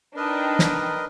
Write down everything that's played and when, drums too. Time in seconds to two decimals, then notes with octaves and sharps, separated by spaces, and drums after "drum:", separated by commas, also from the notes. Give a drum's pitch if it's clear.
0.16 D4 D#4 A#4 B4 D#5 G5
0.59 drum: snare